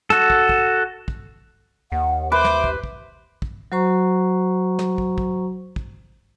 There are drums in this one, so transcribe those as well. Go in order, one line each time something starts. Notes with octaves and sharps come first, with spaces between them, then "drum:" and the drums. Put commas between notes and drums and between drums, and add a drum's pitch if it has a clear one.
F#4 A4, drum: snare
drum: kick
drum: kick
drum: kick
D#2 F#5
B4 C5 E5 D6
drum: snare
drum: kick
drum: kick
drum: kick
F#3 F#4 C5 A#5 C#6
drum: snare
drum: kick
drum: kick
drum: kick